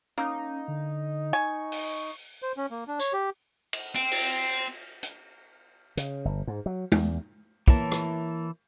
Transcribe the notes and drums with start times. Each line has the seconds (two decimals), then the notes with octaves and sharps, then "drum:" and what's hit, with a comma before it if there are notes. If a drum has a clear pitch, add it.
0.18 A#3 C#4 D#4
0.68 D3
1.33 G#5 C#6
1.72 drum: open hi-hat
2.42 C5
2.57 C#4
2.71 A#3
2.88 D4
3.00 C#5, drum: tambourine
3.13 G4
3.73 drum: cymbal
3.96 C4, drum: hi-hat
4.12 drum: cymbal
5.03 drum: hi-hat
5.97 C#3, drum: hi-hat
6.25 G1
6.47 G#2
6.66 F#3
6.92 E2, drum: tom
7.68 E3 A#3 E4 C#5 A5, drum: kick
7.92 drum: rim click